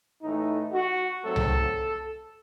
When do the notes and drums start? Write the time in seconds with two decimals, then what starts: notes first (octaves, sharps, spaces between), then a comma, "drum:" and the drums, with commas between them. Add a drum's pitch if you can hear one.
0.22 A2 E3 A3 D#4
0.72 F#4
1.23 G#2 F#3 A3 C4 A4
1.36 drum: tom C2